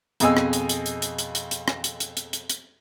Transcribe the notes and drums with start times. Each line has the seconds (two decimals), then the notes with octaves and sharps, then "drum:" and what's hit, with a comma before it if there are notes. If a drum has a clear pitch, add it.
0.20 F2 B2 G#4 D#5 G#5 E6, drum: hi-hat
0.37 drum: rim click
0.53 drum: hi-hat
0.69 drum: hi-hat
0.86 drum: hi-hat
1.02 drum: hi-hat
1.18 drum: hi-hat
1.35 drum: hi-hat
1.51 drum: hi-hat
1.68 drum: rim click
1.84 drum: hi-hat
2.00 drum: hi-hat
2.17 drum: hi-hat
2.33 drum: hi-hat
2.50 drum: hi-hat